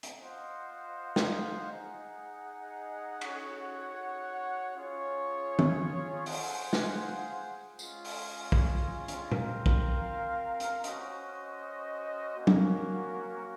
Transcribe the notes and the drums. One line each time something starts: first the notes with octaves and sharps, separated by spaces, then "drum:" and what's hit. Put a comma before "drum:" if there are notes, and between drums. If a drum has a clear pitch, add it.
drum: hi-hat
F4 C5 D#5 F#5
drum: snare
D#4 G#4 D#5 F#5
F#4 C#5 F#5, drum: cymbal
C#4 F4 G#4 C#5
drum: tom D#3
F4 G#4 C5 F#5, drum: open hi-hat
drum: snare
G#3 C#4 F4, drum: tambourine
drum: open hi-hat
drum: kick
drum: hi-hat
C4 F4 A#4 F5, drum: tom
drum: kick
drum: hi-hat
C#4 F#4 C5 D#5, drum: hi-hat
A#3 C#4 F#4 A#4
drum: tom